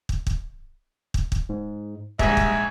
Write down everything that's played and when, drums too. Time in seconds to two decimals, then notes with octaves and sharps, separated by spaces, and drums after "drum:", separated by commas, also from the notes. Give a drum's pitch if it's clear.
0.09 drum: kick
0.27 drum: kick
1.14 drum: kick
1.32 drum: kick
1.49 G#2
2.19 A#1 G#2 G3 E5 G#5 A#6, drum: kick
2.37 drum: kick